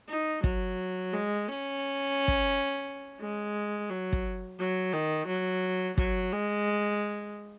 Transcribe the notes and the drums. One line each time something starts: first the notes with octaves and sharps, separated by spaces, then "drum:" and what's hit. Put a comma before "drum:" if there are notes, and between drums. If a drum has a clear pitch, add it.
D#4
F#3, drum: kick
G#3
C#4
drum: kick
G#3
F#3
drum: kick
F#3
D#3
F#3
F#3, drum: kick
G#3